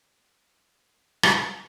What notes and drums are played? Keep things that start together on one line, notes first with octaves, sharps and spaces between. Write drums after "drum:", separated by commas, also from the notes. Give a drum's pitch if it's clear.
D#4
drum: rim click